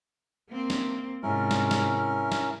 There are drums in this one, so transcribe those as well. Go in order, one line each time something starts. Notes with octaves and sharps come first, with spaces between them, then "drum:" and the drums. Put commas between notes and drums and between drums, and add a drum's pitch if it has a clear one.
A#3 C4
drum: snare
G#2 C3 C#4 E4 A#4
drum: snare
drum: snare
drum: snare